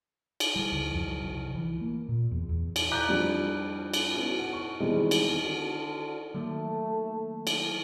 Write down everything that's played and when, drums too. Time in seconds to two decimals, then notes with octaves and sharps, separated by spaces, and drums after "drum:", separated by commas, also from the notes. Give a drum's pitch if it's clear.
0.40 drum: cymbal
0.56 G3
0.71 C#2
0.92 F2
1.06 F#3
1.23 C2
1.55 E3
1.81 A#3
2.08 A#2
2.31 E2
2.49 E2
2.76 drum: cymbal
2.91 D5 A#5 D6 F#6 G6
3.09 F2 G3 D4
3.94 drum: cymbal
4.13 B3 C#4 E4 F#4
4.39 F#5
4.53 C#6
4.80 E2 B2 D#3 G3 G#3 C4
5.11 drum: cymbal
5.45 D3 F#4
6.34 D#3 F#3 A3 A#3
7.47 drum: cymbal